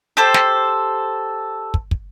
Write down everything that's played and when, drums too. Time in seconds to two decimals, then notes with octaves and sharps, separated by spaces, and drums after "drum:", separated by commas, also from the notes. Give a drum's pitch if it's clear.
0.17 G4 A4 C5
0.34 drum: snare
1.74 drum: kick
1.91 drum: kick